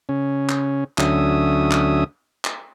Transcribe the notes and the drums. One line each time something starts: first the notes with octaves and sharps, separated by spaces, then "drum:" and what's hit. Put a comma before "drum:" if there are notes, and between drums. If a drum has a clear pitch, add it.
C#3 C#4
drum: clap
D2 D3 F#3 C#4 E5 D#6, drum: clap
drum: clap
drum: clap